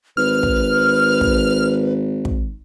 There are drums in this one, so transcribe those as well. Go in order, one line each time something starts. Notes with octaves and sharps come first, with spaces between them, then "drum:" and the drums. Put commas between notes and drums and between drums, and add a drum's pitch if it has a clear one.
G#1 B4 F6
drum: kick
drum: kick
drum: kick